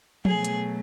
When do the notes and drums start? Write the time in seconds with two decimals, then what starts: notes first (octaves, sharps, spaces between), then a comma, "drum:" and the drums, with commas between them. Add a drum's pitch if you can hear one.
0.25 B2 F#3 A3 G#4, drum: tom F3
0.44 drum: hi-hat